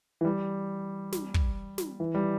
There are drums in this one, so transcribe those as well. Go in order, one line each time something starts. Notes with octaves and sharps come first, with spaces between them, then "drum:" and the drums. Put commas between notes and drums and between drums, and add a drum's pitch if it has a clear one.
E3
G3
drum: snare
drum: kick
drum: snare
E3
G3